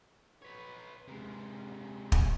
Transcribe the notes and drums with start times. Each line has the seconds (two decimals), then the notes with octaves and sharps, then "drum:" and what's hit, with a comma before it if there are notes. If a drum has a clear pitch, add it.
0.42 B4 C#5
1.08 C3 G#3
2.12 drum: kick